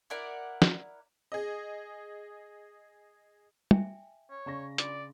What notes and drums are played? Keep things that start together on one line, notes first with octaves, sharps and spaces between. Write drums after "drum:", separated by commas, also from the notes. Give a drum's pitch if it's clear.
E4 A#4 D5 F#5
drum: snare
G#4 D#5
E5 G5 G#5, drum: tom
C#5
C#3 D5 A#5 C#6 A#6
D4 F4 D5 C6, drum: hi-hat